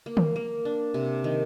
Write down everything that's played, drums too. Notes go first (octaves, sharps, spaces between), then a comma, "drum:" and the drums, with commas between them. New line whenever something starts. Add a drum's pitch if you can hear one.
A#3
drum: tom
A#3
D4
C3
D#3